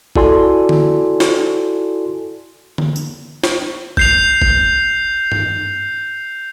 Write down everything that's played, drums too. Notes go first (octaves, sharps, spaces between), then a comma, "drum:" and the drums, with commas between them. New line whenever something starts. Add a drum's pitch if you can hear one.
E4 F#4 A4 D5 G#5 C6, drum: kick G1
drum: tom D3
drum: snare
drum: tom D3
drum: tambourine
drum: snare
G6 C7 F7, drum: kick G1
drum: kick G1
drum: tom G2